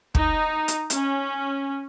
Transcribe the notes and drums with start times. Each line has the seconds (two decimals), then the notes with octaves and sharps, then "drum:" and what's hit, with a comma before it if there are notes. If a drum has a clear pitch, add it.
0.15 D#4, drum: kick
0.68 drum: hi-hat
0.90 C#4, drum: hi-hat